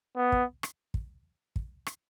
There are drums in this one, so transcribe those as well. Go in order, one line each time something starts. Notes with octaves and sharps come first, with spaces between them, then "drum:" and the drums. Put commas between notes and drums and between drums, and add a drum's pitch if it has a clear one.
B3
drum: kick
drum: rim click
drum: kick
drum: kick
drum: rim click